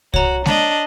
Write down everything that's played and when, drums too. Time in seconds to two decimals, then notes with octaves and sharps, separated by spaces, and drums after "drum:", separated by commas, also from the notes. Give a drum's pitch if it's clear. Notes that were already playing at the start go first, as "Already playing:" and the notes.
0.14 F#4 C#5 A#5, drum: kick C2
0.46 D4 D#5, drum: snare G#3